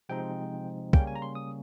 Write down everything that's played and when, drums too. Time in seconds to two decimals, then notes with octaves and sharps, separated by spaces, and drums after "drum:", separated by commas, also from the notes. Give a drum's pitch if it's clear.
0.09 C3 F3 G#3 C4 D#4 G5
0.93 C#3 G3 A#3 C#4 G5, drum: kick
1.07 G#5
1.15 A#5
1.22 C6
1.35 D#6